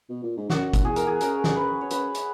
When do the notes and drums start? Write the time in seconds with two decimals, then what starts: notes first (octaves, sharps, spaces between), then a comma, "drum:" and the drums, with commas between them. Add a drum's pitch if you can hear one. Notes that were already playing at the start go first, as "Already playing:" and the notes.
0.09 B2
0.23 A#2
0.37 G#2
0.50 F#2 F#4, drum: snare
0.74 drum: kick, hi-hat
0.85 E2 G#4
0.96 A#4, drum: hi-hat
1.07 G#4
1.21 F#2 A#4, drum: hi-hat
1.44 drum: snare
1.56 B4
1.81 C#5
1.90 F#2 B4, drum: hi-hat
2.15 drum: hi-hat